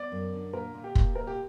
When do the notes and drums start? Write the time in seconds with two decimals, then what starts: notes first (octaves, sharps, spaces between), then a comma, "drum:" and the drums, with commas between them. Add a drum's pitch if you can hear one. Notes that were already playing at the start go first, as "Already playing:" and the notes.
Already playing: B3 D5
0.12 F#2
0.33 D3
0.53 A#2 A#4
0.74 A#2
0.84 G4
0.95 A#2, drum: kick
1.15 A#2 A#4
1.27 G4